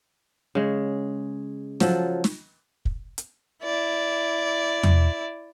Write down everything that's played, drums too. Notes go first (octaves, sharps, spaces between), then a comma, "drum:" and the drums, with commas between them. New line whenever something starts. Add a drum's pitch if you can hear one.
C#3 G#3
F3 F#3 A4, drum: snare
drum: snare
drum: kick
drum: hi-hat
E4 D5
drum: tom E2